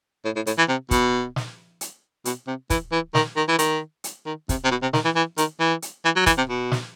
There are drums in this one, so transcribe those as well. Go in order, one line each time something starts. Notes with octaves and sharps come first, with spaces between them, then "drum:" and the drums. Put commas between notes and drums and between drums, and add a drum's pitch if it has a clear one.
A2
A2
A2, drum: hi-hat
E3
C3
B2, drum: kick, hi-hat
drum: snare
drum: hi-hat
B2, drum: hi-hat
C3
E3, drum: kick, hi-hat
E3
D#3, drum: snare
D#3
E3
D#3, drum: hi-hat
drum: hi-hat
D#3
C3, drum: kick, hi-hat
C3
B2
C3
D#3, drum: snare
E3
E3
D#3, drum: hi-hat
E3
drum: hi-hat
E3
F#3
E3, drum: kick, hi-hat
C3
B2
drum: snare